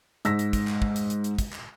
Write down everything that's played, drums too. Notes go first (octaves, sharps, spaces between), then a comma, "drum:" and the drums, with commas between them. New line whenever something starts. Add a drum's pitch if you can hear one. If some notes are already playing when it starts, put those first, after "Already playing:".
G#2 E6 A#6 B6, drum: hi-hat
drum: hi-hat
drum: kick, hi-hat
drum: clap
drum: kick
drum: hi-hat
drum: hi-hat
drum: hi-hat
drum: kick, hi-hat
drum: clap